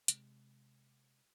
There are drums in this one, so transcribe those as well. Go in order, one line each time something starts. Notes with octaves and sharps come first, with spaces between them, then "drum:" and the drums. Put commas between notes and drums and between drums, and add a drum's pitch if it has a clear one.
C3 G#3, drum: hi-hat